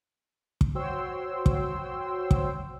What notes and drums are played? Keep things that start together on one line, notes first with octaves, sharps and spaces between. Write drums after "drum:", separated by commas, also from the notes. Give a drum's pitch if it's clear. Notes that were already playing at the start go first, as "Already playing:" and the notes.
drum: kick
F#4 C5 C#5 G5 C6 E6
drum: kick
drum: kick